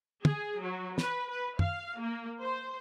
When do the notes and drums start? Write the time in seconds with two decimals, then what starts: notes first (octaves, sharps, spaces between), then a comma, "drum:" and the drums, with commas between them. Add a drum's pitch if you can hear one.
0.25 G#4, drum: tom
0.62 F#3
0.98 B4, drum: snare
1.30 B4
1.59 F5, drum: tom F#2
1.99 A#3
2.42 C5